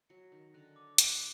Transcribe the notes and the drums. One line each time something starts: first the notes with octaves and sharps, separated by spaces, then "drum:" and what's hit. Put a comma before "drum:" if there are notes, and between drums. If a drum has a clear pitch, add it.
F#3 C#7
D#3 A#6
D3 F#6
D6
F#6, drum: hi-hat